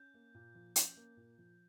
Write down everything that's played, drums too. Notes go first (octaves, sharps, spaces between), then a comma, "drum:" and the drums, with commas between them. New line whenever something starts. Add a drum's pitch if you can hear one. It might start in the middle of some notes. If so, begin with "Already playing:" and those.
Already playing: C#4 G6
A#3
A#2
F3
C#4, drum: hi-hat
A#3
A#2
F3